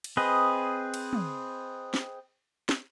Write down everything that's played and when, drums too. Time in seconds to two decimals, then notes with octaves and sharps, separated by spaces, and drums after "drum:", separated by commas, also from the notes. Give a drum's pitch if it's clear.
0.04 drum: cymbal
0.17 C4 G#4 B4 D#5
0.94 drum: cymbal
1.13 drum: tom
1.94 drum: snare
2.69 drum: snare